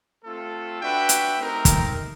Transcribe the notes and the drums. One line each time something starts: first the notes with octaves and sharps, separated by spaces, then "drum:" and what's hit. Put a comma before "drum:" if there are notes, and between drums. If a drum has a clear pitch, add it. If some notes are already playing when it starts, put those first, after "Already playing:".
A3 C4 F4 A4
D4 F#4 B4 E5 G5
drum: hi-hat
A3 C4 D#4 G4 A#4
drum: kick, hi-hat